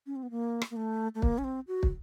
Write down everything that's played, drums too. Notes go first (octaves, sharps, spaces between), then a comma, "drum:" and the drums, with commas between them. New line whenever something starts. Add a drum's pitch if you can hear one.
C#4
C4
B3
A#3
drum: rim click
A#3
A3
A3
A#3, drum: kick
C#4
C4
F#4
drum: kick